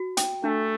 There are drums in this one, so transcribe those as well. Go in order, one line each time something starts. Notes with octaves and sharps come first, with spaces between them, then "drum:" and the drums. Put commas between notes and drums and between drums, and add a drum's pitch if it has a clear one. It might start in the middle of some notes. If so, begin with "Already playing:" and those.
Already playing: F#4
G5, drum: hi-hat
A3 D4